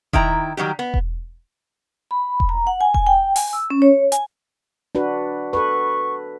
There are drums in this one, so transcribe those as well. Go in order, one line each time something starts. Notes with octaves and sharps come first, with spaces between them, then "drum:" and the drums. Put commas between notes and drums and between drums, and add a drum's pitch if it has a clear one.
D#3 E4 G5 A#5, drum: kick E1
D#3 F#3 G3 G4
B3
drum: kick E1
B5
drum: kick E1
A#5
F#5
G#5
G#5, drum: kick E1
G5
G#5, drum: open hi-hat
E6
C#4
C#5
G#5, drum: hi-hat
D4 F#4 B4
A4 B4 C#6